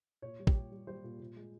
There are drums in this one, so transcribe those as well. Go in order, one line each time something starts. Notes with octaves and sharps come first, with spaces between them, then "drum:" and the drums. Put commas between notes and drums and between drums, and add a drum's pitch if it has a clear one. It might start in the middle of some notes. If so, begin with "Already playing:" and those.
A#2 C#5
G3
G4, drum: kick
A#2
G3
G3 C5
A#2
A#2
G#3